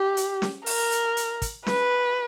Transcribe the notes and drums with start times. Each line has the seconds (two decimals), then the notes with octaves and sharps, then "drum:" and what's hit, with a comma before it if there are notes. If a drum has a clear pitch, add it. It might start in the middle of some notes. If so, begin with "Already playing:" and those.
Already playing: G4
0.17 drum: hi-hat
0.42 drum: snare
0.66 A#4, drum: open hi-hat
0.92 drum: hi-hat
1.17 drum: hi-hat
1.42 drum: kick, hi-hat
1.66 B4, drum: snare